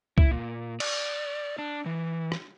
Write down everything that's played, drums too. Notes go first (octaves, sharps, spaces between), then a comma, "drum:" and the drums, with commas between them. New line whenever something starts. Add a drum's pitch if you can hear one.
E4, drum: kick C#2
A#2
D5, drum: cymbal
D4
E3
drum: rim click